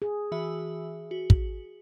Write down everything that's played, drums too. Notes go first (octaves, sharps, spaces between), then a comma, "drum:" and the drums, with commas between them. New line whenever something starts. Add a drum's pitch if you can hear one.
G#4
E3 F#4 E5
F#4
drum: kick